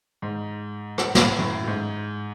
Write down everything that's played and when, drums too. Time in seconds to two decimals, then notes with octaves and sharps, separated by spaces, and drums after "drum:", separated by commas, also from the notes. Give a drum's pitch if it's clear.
0.22 G#2
0.98 drum: rim click
1.15 drum: snare
1.38 F#2 A2
1.67 G#2